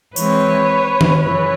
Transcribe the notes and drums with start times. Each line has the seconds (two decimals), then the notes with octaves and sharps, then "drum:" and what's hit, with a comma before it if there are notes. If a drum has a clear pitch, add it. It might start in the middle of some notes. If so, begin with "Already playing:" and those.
0.16 E3 G#3 C4 B4 C#5, drum: tambourine
1.01 drum: tom D#3
1.22 F#2 C#3 E3 B4 C#5